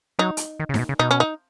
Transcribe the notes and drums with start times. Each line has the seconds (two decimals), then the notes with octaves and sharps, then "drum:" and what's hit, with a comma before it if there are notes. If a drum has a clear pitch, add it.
0.19 F#3 D#4
0.37 drum: hi-hat
0.60 D#3
0.69 C#3
0.74 G#2, drum: snare D#4
0.79 B2
0.89 C#3
0.99 B2 D#4
1.11 C#4
1.20 D#4